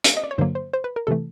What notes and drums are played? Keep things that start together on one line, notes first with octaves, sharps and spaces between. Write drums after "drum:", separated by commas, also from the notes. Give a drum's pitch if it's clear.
drum: hi-hat
D#5
D5
C#5
G2 D3 F#3 A#3 C5
C5
C5
B4
A#4
C3 E3 A3 A4